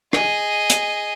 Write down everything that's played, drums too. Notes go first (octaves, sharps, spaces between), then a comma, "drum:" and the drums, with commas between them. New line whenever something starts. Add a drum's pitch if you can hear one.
G#4 D#5, drum: rim click
drum: hi-hat